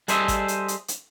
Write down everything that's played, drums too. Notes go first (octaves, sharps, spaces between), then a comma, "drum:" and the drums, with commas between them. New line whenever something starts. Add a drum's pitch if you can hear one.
G3 G#4 A4 C5 D#5 E5, drum: hi-hat
drum: kick G#1, hi-hat
drum: hi-hat
drum: hi-hat
drum: hi-hat